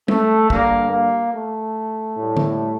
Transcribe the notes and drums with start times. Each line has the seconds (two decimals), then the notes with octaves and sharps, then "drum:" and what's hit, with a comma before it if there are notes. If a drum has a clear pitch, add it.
0.08 A3, drum: tom G3
0.50 G2 D3 G3 A#3, drum: kick
0.91 A#3
1.33 A3
2.16 A2 G3
2.37 drum: tom